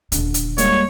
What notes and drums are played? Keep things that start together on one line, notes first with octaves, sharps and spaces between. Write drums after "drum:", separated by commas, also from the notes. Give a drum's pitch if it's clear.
D#1 D3, drum: hi-hat
drum: hi-hat
G3 G#3 A#3 C#5, drum: hi-hat